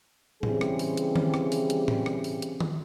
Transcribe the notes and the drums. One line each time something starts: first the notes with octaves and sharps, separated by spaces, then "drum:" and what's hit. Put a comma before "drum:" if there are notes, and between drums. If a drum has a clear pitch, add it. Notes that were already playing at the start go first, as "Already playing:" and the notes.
C#3 E3 G3 C4 G4 G#4, drum: tom A2
drum: rim click
drum: open hi-hat
drum: hi-hat
drum: tom D#3
drum: rim click
drum: open hi-hat
drum: hi-hat
drum: tom A2
drum: rim click
drum: open hi-hat
drum: hi-hat
drum: tom D#3